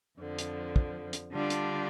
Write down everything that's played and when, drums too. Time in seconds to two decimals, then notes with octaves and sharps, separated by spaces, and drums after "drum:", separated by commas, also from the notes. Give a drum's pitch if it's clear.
0.20 F2 D3 F3
0.39 drum: hi-hat
0.76 drum: kick
1.13 drum: hi-hat
1.32 D3 G3 D4 F4
1.50 drum: hi-hat